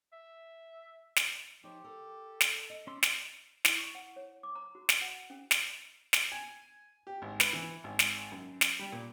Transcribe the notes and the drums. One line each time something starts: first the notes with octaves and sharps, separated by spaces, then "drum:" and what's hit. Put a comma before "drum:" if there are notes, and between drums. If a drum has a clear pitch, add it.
E5
drum: snare
F3 D#4 G4 C#5
A4 A#4
drum: snare
D#5
C#4 D5 C6 E6
drum: snare
E4, drum: snare
C#6
F#5
C#5
D6
A#5
F#4
drum: snare
F#5
C#4
drum: snare
drum: snare
G#5
G4
G#1
B4, drum: snare
E3
G#1
drum: snare
F#2
drum: snare
G3
A#2